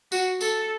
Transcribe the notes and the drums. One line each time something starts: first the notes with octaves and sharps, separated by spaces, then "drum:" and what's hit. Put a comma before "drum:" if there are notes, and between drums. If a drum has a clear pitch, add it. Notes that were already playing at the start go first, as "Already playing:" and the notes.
F#4, drum: tambourine
A4, drum: tambourine